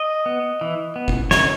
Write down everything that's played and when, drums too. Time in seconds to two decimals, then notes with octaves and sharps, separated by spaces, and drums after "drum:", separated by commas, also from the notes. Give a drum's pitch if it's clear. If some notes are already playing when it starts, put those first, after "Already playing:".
Already playing: D#5
0.26 B3
0.61 E3
0.96 B3
1.08 drum: kick
1.31 C#3 C#5, drum: snare